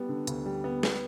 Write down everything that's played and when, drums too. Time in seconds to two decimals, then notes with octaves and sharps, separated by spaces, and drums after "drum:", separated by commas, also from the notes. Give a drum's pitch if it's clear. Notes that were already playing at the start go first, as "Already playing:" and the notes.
Already playing: G3 B3
0.09 D3
0.27 D2, drum: hi-hat
0.46 G3
0.64 B3
0.83 B3, drum: snare